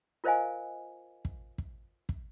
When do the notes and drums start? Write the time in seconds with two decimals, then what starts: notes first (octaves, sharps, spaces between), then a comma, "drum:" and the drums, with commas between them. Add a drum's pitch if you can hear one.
0.24 F4 A#4 C5 D#5 F5 G#5
1.25 drum: kick
1.58 drum: kick
2.09 drum: kick